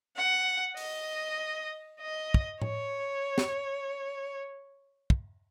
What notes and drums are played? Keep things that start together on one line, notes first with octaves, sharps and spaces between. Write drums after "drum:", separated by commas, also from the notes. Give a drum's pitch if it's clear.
F#5
D#5, drum: open hi-hat
D#5
drum: kick
C#5, drum: tom A2
drum: snare
drum: kick